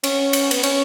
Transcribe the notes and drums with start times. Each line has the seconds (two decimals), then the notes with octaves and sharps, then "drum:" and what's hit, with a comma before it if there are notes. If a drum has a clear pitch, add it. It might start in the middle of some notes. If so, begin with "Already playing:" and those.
0.04 C#4, drum: cymbal
0.33 drum: cymbal
0.51 B3, drum: cymbal
0.63 C#4, drum: cymbal